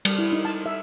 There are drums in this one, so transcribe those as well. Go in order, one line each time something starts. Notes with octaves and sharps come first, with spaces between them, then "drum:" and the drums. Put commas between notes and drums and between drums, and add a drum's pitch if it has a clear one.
G3, drum: cymbal
E4
D#4
A5
E5